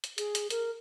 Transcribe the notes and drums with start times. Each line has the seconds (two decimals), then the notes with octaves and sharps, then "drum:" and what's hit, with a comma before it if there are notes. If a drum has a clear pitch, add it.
0.04 drum: hi-hat
0.18 G#4, drum: hi-hat
0.35 drum: hi-hat
0.50 A#4, drum: hi-hat